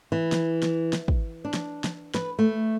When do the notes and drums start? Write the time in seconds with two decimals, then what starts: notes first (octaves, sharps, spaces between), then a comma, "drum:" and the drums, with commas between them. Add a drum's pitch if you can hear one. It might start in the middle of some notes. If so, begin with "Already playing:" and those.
0.12 E3
0.32 drum: snare
0.63 drum: snare
0.93 drum: snare
1.08 drum: kick
1.45 D4
1.54 drum: snare
1.84 drum: snare
2.14 B4, drum: snare
2.39 A3